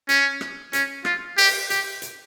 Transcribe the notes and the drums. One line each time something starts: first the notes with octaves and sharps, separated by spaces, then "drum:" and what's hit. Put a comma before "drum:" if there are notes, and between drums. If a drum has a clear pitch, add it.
C#4, drum: hi-hat
drum: rim click
C#4, drum: hi-hat
F4, drum: rim click
G4, drum: open hi-hat
G4, drum: hi-hat
drum: hi-hat